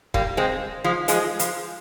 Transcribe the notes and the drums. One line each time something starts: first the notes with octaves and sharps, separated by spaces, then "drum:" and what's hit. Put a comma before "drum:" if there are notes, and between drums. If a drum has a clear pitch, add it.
G3 A#3, drum: kick
G#3 C4
F3 G#3
F3 G#3, drum: hi-hat
F3, drum: hi-hat